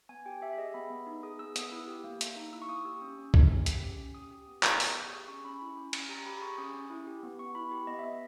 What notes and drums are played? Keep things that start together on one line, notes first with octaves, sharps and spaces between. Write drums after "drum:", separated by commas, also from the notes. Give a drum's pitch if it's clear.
B3 G#5
G4 G5
G4 E5
E5
G#4 D#5
B3 B5
B3
D#4
G#4 D#6
B3 E6
B3 D#6, drum: hi-hat
E4
G4
A#3
A#3, drum: hi-hat
D#4
E4 E6
C#6
A#3 D#6
G4 E6
C#4
C#4
C#4, drum: kick B1
G4
G4, drum: hi-hat
C#4
C#4
G4 D#6
G4
B3
B3, drum: clap
G4 D#6, drum: open hi-hat
G4 C#6
G#4 E6
C#4 C#6
C#4 B5
E4
C#4
C#4, drum: cymbal
G4 A#5
G4 B5
G#4 C#6
C#4 D#6
C#4
E4
G4
B3
B3 C#6
E4 B5
G4
B3 D#5
E5
B3 D#5